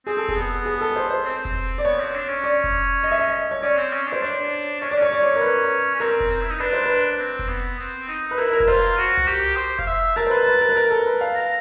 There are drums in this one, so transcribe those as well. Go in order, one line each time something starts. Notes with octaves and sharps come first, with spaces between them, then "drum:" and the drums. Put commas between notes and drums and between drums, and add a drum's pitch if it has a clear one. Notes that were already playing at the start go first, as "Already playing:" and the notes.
C4 G#4, drum: hi-hat
A4
G#4, drum: kick F1, hi-hat
B3
drum: hi-hat
G#4, drum: hi-hat
A4
C5
C5
C4, drum: hi-hat
drum: kick F1, hi-hat
drum: hi-hat
D5
B3 C#5, drum: hi-hat
C4
D4
C#4
D5, drum: hi-hat
drum: kick F1
drum: hi-hat
D#5, drum: hi-hat
E5
D#5
C#5
C#4 D5, drum: hi-hat
C4
C#4
D4 C5
D4 C#5
drum: hi-hat
C#4 C#5, drum: hi-hat
D4 D5
C#4 C#5
D5
C#5, drum: hi-hat
A#4
B4, drum: hi-hat
drum: hi-hat
C#4
C4 A#4, drum: hi-hat
drum: kick F1, hi-hat
C4
E4, drum: hi-hat
D#4
D4 B4, drum: hi-hat
C5
B4
drum: hi-hat
C4, drum: hi-hat
drum: kick F1, hi-hat
B3
drum: hi-hat
C4, drum: hi-hat
D#4
drum: hi-hat
B4
E4 A#4, drum: hi-hat
A#4
E4, drum: kick F1, hi-hat
F4 C5
drum: hi-hat
F#4, drum: hi-hat
drum: tom C2
G4
drum: hi-hat
C5, drum: hi-hat
F5, drum: kick F1, hi-hat
E5
A#4 A5, drum: hi-hat
C5
B4
B4
A#4
B4
A#4, drum: hi-hat
A4
B4
F5
A#5, drum: hi-hat